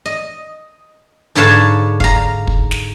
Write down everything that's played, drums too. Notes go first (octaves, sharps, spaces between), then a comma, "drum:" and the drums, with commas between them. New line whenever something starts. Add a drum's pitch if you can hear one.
D#5
G#2 D3 B4 C#5 F5 A5
F5 A#5, drum: kick
drum: kick
drum: snare